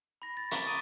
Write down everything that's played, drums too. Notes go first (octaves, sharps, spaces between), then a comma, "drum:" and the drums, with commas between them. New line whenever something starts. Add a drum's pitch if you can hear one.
B5 A#6
A6
A#5 C#6 D6 B6, drum: hi-hat
D#6 A6 D7 D#7